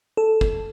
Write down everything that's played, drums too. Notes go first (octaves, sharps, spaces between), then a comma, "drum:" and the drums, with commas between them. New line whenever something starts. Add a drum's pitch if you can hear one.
A4
drum: kick